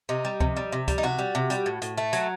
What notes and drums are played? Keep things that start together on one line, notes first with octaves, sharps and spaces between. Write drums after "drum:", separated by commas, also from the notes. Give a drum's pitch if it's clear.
C3 D#4
G3
C3, drum: kick C#2
G3
C3
G3, drum: kick C#2, hi-hat
D#4
C3 F#4
G3
C3
G3, drum: hi-hat
A2
A2, drum: hi-hat
A3
F#3, drum: hi-hat